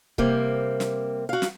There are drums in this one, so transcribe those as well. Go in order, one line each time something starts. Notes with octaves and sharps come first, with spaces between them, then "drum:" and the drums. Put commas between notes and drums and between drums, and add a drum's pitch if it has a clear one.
C3 G3 A#3 C4, drum: kick C#1
drum: snare
F#4 F5
drum: snare